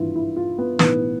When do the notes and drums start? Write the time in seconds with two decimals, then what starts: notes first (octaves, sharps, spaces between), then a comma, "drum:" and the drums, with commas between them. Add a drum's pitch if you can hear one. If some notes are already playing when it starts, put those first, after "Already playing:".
Already playing: G#1 G2 E3 E4 F4
0.15 E4
0.36 F4
0.58 B3
0.79 B1 A2 E3 B3, drum: snare